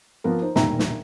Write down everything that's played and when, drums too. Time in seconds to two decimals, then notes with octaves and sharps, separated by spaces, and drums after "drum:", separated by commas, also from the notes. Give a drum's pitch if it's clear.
0.24 F3 A#3 B3 A#4
0.42 D#4 C5
0.56 E1 A#2 D#3 G3 E5 A#5, drum: snare
0.79 drum: snare